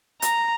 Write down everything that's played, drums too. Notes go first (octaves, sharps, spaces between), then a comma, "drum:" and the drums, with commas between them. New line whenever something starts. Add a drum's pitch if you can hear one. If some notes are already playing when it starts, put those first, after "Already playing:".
A#5, drum: hi-hat